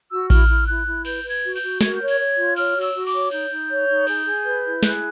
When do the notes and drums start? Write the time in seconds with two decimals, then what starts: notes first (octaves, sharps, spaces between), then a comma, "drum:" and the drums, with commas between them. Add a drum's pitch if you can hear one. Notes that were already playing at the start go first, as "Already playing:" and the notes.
0.10 F#4 E6
0.30 E4 F6, drum: kick A1, cymbal
0.48 E4
0.67 E4 F#6
0.86 E4
1.05 B4 G6, drum: cymbal
1.23 B4
1.30 G#6, drum: cymbal
1.44 F#4
1.56 G6, drum: cymbal
1.62 F#4
1.81 A#4 G#6, drum: snare
1.95 G6
2.00 C#5
2.08 G#6, drum: cymbal
2.19 C#5
2.37 F4
2.56 C#5 F6, drum: cymbal
2.75 F#4
2.81 E6, drum: cymbal
2.94 F#4
3.07 D6, drum: cymbal
3.13 C#5
3.31 D#4 G6, drum: cymbal
3.50 D#4
3.70 C#5
3.88 D#4
4.07 G#4, drum: cymbal
4.26 G#4
4.46 B4
4.64 E4
4.83 G#4 F#6, drum: snare